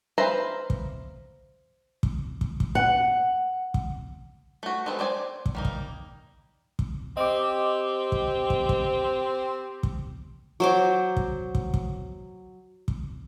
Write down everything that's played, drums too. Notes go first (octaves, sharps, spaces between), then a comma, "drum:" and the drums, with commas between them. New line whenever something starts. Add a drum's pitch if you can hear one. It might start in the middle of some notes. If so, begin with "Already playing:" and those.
B4 C5 E5 F5 A#5
drum: kick
drum: kick
drum: kick
drum: kick
F#5
drum: kick
A3 F#4
G#3 B3 C4 A4 B4
C5 D5 G5 G#5
drum: kick
G3 A#3 D#4
drum: kick
drum: kick
C4 G4 D#5 D6
drum: kick
drum: kick
drum: kick
drum: kick
F#3 C5 D6
drum: kick
drum: kick
drum: kick
drum: kick